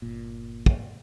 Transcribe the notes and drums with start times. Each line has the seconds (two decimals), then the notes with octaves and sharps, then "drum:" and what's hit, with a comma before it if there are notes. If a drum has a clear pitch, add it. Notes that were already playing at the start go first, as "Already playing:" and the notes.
0.02 G1 A#2
0.66 drum: kick